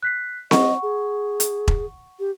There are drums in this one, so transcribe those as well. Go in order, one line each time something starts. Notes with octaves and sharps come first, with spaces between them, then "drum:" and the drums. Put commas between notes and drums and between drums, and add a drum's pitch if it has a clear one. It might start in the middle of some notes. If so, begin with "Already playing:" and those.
F#6 B6 C7
D#5 F#5 C#6, drum: snare C4
G#4
drum: hi-hat
drum: kick E1
G4